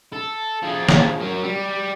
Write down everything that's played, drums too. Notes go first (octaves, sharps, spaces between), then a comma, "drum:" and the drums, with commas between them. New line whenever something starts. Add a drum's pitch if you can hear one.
A4
F3 G#4
drum: snare
F#3 A#4
G3